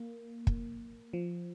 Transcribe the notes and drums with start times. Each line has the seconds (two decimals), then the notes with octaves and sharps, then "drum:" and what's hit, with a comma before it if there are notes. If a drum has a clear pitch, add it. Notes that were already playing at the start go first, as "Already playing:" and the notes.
Already playing: A#3
0.47 drum: kick
1.13 F3